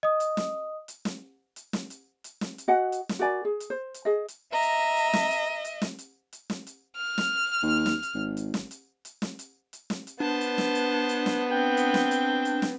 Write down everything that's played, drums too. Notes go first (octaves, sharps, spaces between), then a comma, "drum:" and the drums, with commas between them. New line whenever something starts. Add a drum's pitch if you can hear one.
D#5 D#6
drum: hi-hat
drum: snare
drum: hi-hat
drum: snare
drum: hi-hat
drum: snare
drum: hi-hat
drum: hi-hat
drum: snare
drum: hi-hat
F#4 D#5 F#5 G#5
drum: hi-hat
drum: snare
F#4 A#4 D5 G#5
G#4
drum: hi-hat
C5
drum: hi-hat
G#4 D#5
drum: hi-hat
D#5 E5 A#5
drum: hi-hat
drum: hi-hat
drum: snare
drum: hi-hat
drum: hi-hat
drum: snare
drum: hi-hat
drum: hi-hat
drum: snare
drum: hi-hat
F6
drum: snare
D#2
drum: snare
drum: hi-hat
G#1
drum: hi-hat
drum: snare
drum: hi-hat
drum: hi-hat
drum: snare
drum: hi-hat
drum: hi-hat
drum: snare
drum: hi-hat
B3 D4 C5 A5
drum: hi-hat
drum: snare
drum: hi-hat
drum: hi-hat
drum: snare
C4 G5
drum: hi-hat
drum: snare
drum: hi-hat
drum: hi-hat
drum: snare